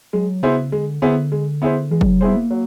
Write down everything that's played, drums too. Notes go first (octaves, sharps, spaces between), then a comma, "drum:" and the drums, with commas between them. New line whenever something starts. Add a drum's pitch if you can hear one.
F#3 G#3
C#3 B3 E4 G#4 C5
D3 G#3
D3 B3 E4 G#4 C5
G#3
B3 E4 G#4 C5
E3 G#3
G3, drum: kick
F#3
G3 B3 E4 G#4 C5
A#3
F#3